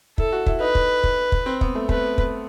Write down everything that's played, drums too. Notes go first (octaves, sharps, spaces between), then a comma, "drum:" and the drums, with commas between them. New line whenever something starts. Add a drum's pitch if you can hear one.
E4 A4, drum: kick
F#4
E4, drum: kick
D#4 B4
drum: kick
drum: kick
drum: kick
C4
B3, drum: kick
A3
A3 B4, drum: kick
drum: kick